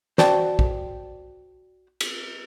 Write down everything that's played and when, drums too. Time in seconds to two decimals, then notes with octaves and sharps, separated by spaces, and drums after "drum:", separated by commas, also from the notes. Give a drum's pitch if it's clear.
0.18 F#4 C5 D5 G5 A5, drum: snare
0.59 drum: kick A#1
2.00 drum: cymbal